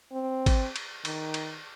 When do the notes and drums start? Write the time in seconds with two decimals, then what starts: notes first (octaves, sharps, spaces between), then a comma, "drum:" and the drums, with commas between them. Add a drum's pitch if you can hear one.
0.12 C4
0.46 drum: kick, cymbal
0.76 drum: cymbal
1.05 D#3, drum: cymbal
1.34 drum: cymbal